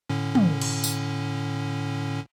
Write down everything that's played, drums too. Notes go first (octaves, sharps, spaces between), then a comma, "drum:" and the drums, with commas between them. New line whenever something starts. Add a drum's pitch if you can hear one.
A2 D3 C#4
drum: tom
drum: cymbal
drum: tambourine